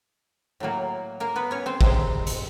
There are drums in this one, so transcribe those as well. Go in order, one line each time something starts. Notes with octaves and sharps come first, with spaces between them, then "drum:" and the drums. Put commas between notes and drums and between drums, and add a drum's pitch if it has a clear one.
A2 F#3 A#3
A#3 A#4
B3 B4
C#4 C#5
C4 C5
C3 D#3 G#3 C4 C5, drum: kick
drum: hi-hat